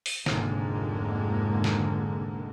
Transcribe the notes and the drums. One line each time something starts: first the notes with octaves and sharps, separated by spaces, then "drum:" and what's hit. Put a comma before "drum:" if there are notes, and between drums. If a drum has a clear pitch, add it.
drum: open hi-hat
F1 G#2 D3 G#3 A#3, drum: snare
drum: snare